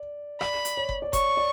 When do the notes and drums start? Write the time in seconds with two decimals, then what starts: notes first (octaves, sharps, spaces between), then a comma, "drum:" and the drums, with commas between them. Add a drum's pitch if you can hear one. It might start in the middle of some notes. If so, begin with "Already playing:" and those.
Already playing: D5
0.41 D5 B5, drum: rim click
0.65 drum: hi-hat
0.77 C#5
0.89 drum: kick F#1
1.02 D5
1.13 C#5 C#6, drum: kick F#1, hi-hat
1.37 D5